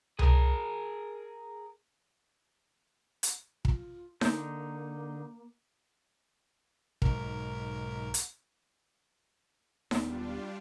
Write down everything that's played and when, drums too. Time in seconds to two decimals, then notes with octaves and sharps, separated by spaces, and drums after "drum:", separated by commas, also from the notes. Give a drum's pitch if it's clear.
0.19 G#4 A#4, drum: tom C2
3.23 drum: hi-hat
3.65 F4, drum: kick
4.21 D3 A#3 D#4 G6, drum: snare D#4
7.02 B1 G#2 A#4, drum: kick
8.14 drum: hi-hat
9.91 D#1 G3 B3 D4 F4, drum: snare D#4